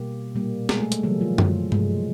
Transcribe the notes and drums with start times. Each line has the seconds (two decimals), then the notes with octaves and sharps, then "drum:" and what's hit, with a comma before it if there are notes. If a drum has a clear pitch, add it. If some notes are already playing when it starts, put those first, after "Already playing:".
Already playing: B2 G3 A#3 G4
0.35 A#2 G3 A#3
0.69 G#3 G#4, drum: snare
0.80 A3 A4
0.92 A3 A4, drum: hi-hat
1.03 C#3 E3 F#3 G3 A#3 F#4
1.21 F3 F4
1.38 drum: tom F#2
1.72 C3 F3 G#3, drum: tom G2